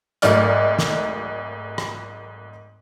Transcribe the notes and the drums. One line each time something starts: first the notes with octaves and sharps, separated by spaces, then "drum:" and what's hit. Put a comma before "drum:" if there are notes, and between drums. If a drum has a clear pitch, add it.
G#1 G#2 F#3 A3 D5 F6, drum: hi-hat
drum: snare
drum: rim click